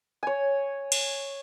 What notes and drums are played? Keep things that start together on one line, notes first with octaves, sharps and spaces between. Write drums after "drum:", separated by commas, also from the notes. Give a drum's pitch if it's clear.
C#5 G#5
drum: cymbal